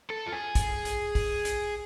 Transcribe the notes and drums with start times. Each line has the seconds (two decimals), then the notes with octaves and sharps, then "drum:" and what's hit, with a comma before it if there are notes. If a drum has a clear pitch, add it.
0.10 A4
0.27 F4
0.32 G#4
0.55 drum: kick, hi-hat
0.85 drum: hi-hat
1.15 drum: kick, open hi-hat
1.45 drum: hi-hat